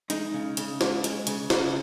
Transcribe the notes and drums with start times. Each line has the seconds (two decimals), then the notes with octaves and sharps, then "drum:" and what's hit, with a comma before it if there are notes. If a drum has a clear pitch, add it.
0.10 G#3 D#4, drum: hi-hat
0.34 C#3
0.57 C#3, drum: hi-hat
0.81 G#3, drum: snare
1.04 G#3, drum: hi-hat
1.27 C#3, drum: hi-hat
1.50 C#3, drum: snare